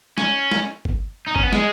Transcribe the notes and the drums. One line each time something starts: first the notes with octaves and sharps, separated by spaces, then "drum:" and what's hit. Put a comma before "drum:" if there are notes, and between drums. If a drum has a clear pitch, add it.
C#4, drum: snare
drum: snare
drum: kick G1
D#4
C#4, drum: kick G1
B3
G#3, drum: snare